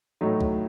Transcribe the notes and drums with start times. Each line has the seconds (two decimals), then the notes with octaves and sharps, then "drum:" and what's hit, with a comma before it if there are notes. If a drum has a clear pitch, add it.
0.21 A2 F#3 A3 D#4
0.41 drum: kick